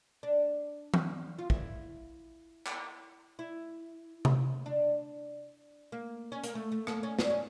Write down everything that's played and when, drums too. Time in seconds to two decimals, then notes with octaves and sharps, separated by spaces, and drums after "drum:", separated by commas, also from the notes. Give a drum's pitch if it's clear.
0.23 D4
0.94 drum: tom E3
1.39 F4
1.50 E4, drum: kick
2.66 drum: clap
3.39 E4
4.25 drum: tom C3
4.66 D4
5.92 A#3
6.32 C#4
6.44 A#3, drum: hi-hat
6.55 A3
6.72 A3
6.87 A#3, drum: rim click
7.03 C#4
7.19 D4, drum: snare
7.30 C#4